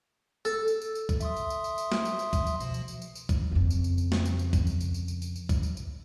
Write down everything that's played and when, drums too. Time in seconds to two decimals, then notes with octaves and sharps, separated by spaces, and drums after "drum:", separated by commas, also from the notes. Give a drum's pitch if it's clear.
0.45 A4
0.68 drum: tambourine
0.82 drum: tambourine
0.95 drum: tambourine
1.09 drum: kick, tambourine
1.20 E5 C6 D#6, drum: tambourine
1.37 drum: tambourine
1.50 drum: tambourine
1.64 drum: tambourine
1.78 drum: tambourine
1.92 drum: snare
2.05 drum: tambourine
2.19 drum: tambourine
2.33 drum: kick, tambourine
2.47 drum: tambourine
2.60 B2 F3, drum: tambourine
2.74 drum: tambourine
2.88 drum: tambourine
3.02 drum: tambourine
3.15 drum: tambourine
3.29 drum: kick, tambourine
3.51 F2 C#3
3.70 drum: tambourine
3.84 drum: tambourine
3.98 drum: tambourine
4.12 drum: snare
4.26 drum: tambourine
4.39 drum: tambourine
4.53 drum: kick, tambourine
4.67 drum: tambourine
4.81 drum: tambourine
4.94 drum: tambourine
5.08 drum: tambourine
5.22 drum: tambourine
5.36 drum: tambourine
5.49 drum: kick, tambourine
5.63 drum: tambourine
5.77 drum: tambourine